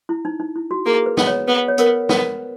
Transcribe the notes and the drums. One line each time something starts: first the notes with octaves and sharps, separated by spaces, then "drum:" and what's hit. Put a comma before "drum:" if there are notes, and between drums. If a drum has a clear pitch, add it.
E4
D#4
D#4
E4
F#4
A#3 G#4
B4
B3, drum: snare
C#5
B3 B4
C#5
B3 A#4, drum: hi-hat
B4
B3 B4, drum: snare